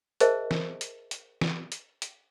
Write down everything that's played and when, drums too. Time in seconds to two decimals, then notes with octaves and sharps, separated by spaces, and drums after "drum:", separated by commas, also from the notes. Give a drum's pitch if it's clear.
0.20 G#4 A#4 C5 D#5 E5 A5, drum: hi-hat
0.51 drum: snare
0.81 drum: hi-hat
1.11 drum: hi-hat
1.41 drum: snare
1.72 drum: hi-hat
2.02 drum: hi-hat